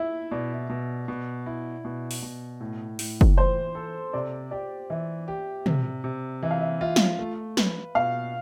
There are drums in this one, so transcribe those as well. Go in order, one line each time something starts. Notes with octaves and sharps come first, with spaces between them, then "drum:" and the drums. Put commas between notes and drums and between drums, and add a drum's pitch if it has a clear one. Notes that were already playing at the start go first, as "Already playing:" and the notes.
Already playing: E4 E5
B2 D5
B2
B2
E4
B2
drum: open hi-hat
B2
A2
A2, drum: open hi-hat
drum: kick
E3 C5
A4
C3 D5
G4 D5
E3 E5
G4
C3, drum: tom
C3
E3 E5
F5
E5
F4 E5
drum: snare
A3
B4, drum: snare
B2 F5